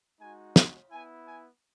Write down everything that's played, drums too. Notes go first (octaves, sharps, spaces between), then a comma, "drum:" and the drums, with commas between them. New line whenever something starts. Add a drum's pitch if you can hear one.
G#3 D#4 F#4 G#5
F#5, drum: snare
B3 E4 G#5
G#5